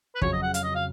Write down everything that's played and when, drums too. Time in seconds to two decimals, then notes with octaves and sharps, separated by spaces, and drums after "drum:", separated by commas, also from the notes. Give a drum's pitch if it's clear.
0.15 B4
0.21 F2 C#3 F#3 C#5, drum: kick
0.33 D#5
0.42 F#5
0.54 F5, drum: hi-hat
0.63 D#5
0.75 F5